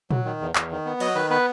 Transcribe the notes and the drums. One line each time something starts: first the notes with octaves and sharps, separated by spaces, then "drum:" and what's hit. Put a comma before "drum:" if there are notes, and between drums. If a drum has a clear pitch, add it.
F#3, drum: tom A#2
D#3
E2
E2, drum: clap
D#3
B3
F#3 D#5, drum: cymbal
D#3 B4
B3 B4